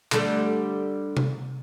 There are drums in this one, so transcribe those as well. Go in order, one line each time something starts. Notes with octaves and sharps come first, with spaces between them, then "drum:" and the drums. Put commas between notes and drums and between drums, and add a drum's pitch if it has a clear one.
D3 G3 A3, drum: clap
drum: tom C3